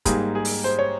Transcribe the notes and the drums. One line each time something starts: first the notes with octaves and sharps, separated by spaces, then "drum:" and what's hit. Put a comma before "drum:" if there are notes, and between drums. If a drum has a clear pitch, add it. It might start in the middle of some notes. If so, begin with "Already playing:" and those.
G#2 G3 A#3 G#4, drum: kick, hi-hat
G#4
drum: open hi-hat
C5
C#5